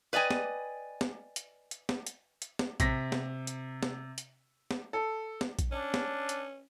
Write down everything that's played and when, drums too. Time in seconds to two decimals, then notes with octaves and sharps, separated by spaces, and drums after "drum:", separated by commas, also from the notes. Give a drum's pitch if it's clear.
0.13 B4 D5 D#5 G5 G#5
0.31 drum: snare
1.01 drum: snare
1.36 drum: hi-hat
1.71 drum: hi-hat
1.89 drum: snare
2.07 drum: hi-hat
2.42 drum: hi-hat
2.59 drum: snare
2.80 C3 A#6 B6, drum: kick A#1, hi-hat
3.12 drum: snare
3.47 drum: hi-hat
3.83 drum: snare
4.18 drum: hi-hat
4.71 drum: snare
4.93 A4
5.41 drum: snare
5.59 drum: kick A#1, hi-hat
5.72 C#4 D4
5.94 drum: snare
6.29 drum: hi-hat